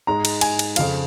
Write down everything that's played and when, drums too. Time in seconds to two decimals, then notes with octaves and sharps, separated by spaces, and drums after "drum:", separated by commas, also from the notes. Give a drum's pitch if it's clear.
0.07 G#2 G#3 A#5
0.25 drum: cymbal
0.41 G#5, drum: cymbal
0.59 drum: cymbal
0.76 F2 C#3 F3 F5, drum: cymbal